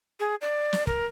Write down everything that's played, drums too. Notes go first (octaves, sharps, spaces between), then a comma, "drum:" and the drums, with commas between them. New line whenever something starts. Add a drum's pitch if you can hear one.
G#4
D5
drum: snare
A#4, drum: kick